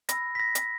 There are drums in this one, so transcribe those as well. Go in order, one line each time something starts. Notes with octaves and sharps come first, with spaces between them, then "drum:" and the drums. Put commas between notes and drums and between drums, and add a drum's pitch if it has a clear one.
B5 E6 A#6, drum: hi-hat
B6
A#6
drum: hi-hat